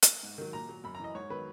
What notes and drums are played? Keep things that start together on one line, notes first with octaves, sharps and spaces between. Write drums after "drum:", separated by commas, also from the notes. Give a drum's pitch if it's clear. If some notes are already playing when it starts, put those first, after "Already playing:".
drum: hi-hat
G#2
D#3 F#3
A#2 A#5
F#3
F#2 B5
A#5
E3 D#5
G#2 C#5
D#3 F#3 B4